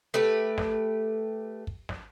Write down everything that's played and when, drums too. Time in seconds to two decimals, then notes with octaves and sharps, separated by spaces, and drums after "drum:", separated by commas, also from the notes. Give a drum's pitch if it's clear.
0.14 A3 G4 B4
0.58 drum: snare
1.67 drum: kick
1.89 drum: snare